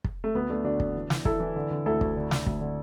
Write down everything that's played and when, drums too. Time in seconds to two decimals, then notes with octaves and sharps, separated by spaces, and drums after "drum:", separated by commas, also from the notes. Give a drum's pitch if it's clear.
0.04 drum: kick
0.24 A3
0.35 D2 B3
0.49 D3 A3 D4
0.64 D3 D4 F#4
0.80 D3, drum: kick
0.96 E3
1.10 E3, drum: snare
1.25 E3 E4 A4, drum: kick
1.40 E3
1.56 D3
1.71 D3
1.86 D2 E4 A4
2.01 D2, drum: kick
2.16 D3
2.31 D3, drum: snare
2.46 D2, drum: kick
2.61 D3